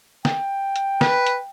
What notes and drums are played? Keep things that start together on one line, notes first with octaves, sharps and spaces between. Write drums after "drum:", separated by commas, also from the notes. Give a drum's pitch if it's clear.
G5, drum: snare
drum: hi-hat
B4, drum: snare
drum: hi-hat